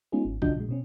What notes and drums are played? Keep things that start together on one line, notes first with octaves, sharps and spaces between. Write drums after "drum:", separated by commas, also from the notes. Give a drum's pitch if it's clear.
G#3 B3 C#4 D#4 F4 G#4
G#1
C#3 F3 D4 F#4 D#5 G6, drum: kick A#1
A#2 G#3
B2 C4 C#4